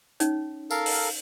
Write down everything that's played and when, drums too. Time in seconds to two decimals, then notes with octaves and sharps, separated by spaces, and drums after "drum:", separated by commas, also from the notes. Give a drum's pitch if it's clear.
0.20 C#4 D#4 C#5, drum: hi-hat
0.71 A4 A#4 F5, drum: tambourine
0.86 drum: open hi-hat